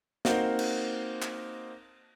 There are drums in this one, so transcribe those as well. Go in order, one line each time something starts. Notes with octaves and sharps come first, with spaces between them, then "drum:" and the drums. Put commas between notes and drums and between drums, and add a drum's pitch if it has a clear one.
A#3 C4 D#4 F#4 A#4 C5, drum: snare
drum: cymbal
drum: clap